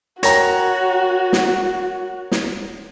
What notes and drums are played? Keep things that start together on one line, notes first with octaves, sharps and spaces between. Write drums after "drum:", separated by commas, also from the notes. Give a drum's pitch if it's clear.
F#4 A#4 C#5 G5 A#5 A#6, drum: hi-hat
drum: snare
drum: snare